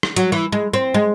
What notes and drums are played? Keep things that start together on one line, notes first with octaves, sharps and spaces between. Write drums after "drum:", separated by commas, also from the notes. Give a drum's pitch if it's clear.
drum: rim click
F#3, drum: hi-hat
E3
G#3
C4
G#3